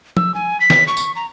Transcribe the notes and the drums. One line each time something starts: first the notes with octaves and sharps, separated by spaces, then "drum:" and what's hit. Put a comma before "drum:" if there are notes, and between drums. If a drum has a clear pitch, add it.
E6, drum: tom F3
G#5
B6
drum: snare
C#6
drum: tambourine
A#5